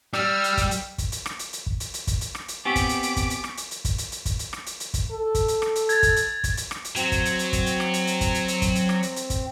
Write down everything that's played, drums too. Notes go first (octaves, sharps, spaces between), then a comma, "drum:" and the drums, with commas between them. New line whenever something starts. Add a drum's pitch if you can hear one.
G3 E6 F6, drum: rim click
drum: hi-hat
drum: kick, hi-hat
drum: hi-hat
drum: kick, hi-hat
drum: hi-hat
drum: rim click
drum: hi-hat
drum: hi-hat
drum: kick
drum: hi-hat
drum: hi-hat
drum: kick, hi-hat
drum: hi-hat
drum: rim click
drum: hi-hat
B3 C4 G4 G#5 C#6 D6 B6
drum: kick, hi-hat
drum: hi-hat
drum: hi-hat
drum: kick, hi-hat
drum: hi-hat
drum: rim click
drum: hi-hat
drum: hi-hat
drum: kick, hi-hat
drum: hi-hat
drum: hi-hat
drum: kick, hi-hat
drum: hi-hat
drum: rim click
drum: hi-hat
drum: hi-hat
drum: kick, hi-hat
A4
drum: kick, hi-hat
drum: hi-hat
drum: rim click
drum: hi-hat
G#6 A6, drum: hi-hat
drum: kick, hi-hat
drum: hi-hat
drum: kick, hi-hat
drum: hi-hat
drum: rim click
drum: hi-hat
F#3 C4, drum: hi-hat
drum: kick, hi-hat
drum: hi-hat
drum: hi-hat
drum: kick, hi-hat
drum: hi-hat
drum: rim click
drum: hi-hat
drum: hi-hat
drum: kick, hi-hat
drum: hi-hat
drum: hi-hat
drum: kick, hi-hat
drum: hi-hat
drum: rim click
drum: hi-hat
drum: hi-hat
drum: kick, hi-hat